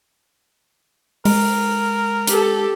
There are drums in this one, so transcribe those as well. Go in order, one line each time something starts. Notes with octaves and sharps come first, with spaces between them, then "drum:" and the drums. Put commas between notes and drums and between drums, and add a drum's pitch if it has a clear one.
G#3 A#4, drum: open hi-hat
G4 A4, drum: hi-hat